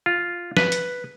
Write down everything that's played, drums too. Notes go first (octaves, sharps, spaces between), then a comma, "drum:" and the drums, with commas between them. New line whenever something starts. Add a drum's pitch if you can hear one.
F4
B4, drum: snare
drum: hi-hat